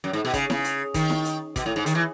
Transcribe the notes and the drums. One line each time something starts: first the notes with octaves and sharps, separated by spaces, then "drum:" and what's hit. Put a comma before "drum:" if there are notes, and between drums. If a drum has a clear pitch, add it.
F#2
G#2
B2
C#3, drum: kick, hi-hat
C#3, drum: snare E4
drum: hi-hat
D#3, drum: kick, hi-hat
drum: snare E4
drum: hi-hat
B2, drum: kick, hi-hat
A2
G#2
D#3, drum: hi-hat
E3